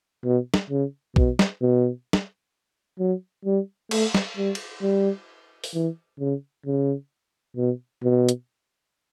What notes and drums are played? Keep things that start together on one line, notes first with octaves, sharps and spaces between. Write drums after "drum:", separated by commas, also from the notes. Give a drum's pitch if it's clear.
B2
drum: snare
C#3
B2, drum: kick A#1
drum: snare
B2
drum: snare
F#3
G3
A3, drum: cymbal
drum: snare
G3
drum: cymbal
G3
drum: open hi-hat
E3
C#3
C#3
B2
B2
drum: hi-hat